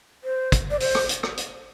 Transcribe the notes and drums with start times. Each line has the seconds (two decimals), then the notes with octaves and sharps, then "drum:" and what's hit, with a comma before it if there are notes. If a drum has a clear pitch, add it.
0.24 C5
0.52 drum: kick, hi-hat
0.71 D5
0.80 C5, drum: open hi-hat
0.95 drum: rim click
1.09 drum: hi-hat
1.23 drum: rim click
1.37 drum: hi-hat